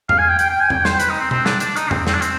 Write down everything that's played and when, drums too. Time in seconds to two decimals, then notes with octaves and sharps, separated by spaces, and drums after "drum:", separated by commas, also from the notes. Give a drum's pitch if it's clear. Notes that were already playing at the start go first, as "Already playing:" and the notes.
0.09 F5, drum: tom E2
0.19 G#5
0.29 G5
0.39 G5, drum: hi-hat
0.50 G5
0.60 G#5
0.70 G5, drum: tom E2
0.85 C5, drum: snare
1.00 B4, drum: hi-hat
1.10 D#4
1.20 C4
1.31 C4, drum: tom B2
1.46 D4, drum: snare
1.60 D4, drum: hi-hat
1.76 D#4, drum: hi-hat
1.91 C4, drum: tom E2
2.07 C4, drum: snare
2.14 D4
2.22 C4, drum: hi-hat